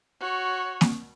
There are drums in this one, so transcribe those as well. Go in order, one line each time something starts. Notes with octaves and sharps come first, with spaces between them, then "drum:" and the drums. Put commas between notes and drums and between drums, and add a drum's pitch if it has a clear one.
F#4 C#5
drum: snare A#3